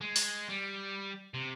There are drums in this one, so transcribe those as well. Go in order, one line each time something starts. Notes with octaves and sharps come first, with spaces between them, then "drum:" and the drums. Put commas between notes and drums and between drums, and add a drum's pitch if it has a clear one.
G#3
drum: open hi-hat
G3
C3